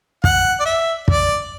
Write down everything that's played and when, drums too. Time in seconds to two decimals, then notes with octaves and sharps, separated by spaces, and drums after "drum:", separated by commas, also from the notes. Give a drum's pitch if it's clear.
0.24 F#5, drum: kick
0.60 D5
0.65 E5
1.08 D5, drum: kick